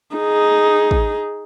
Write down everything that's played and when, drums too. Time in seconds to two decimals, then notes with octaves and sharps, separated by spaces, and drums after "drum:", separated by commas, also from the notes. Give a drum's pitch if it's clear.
0.16 D#4 G#4
0.91 drum: kick